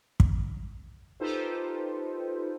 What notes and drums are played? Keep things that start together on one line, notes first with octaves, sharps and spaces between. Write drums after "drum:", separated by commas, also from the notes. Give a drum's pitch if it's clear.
drum: kick
D#4 F4 G4 A4 B4 C5